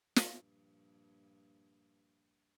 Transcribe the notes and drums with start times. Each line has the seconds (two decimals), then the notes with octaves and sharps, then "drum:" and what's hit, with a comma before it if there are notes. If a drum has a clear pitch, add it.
0.16 G2 A#2 F3, drum: snare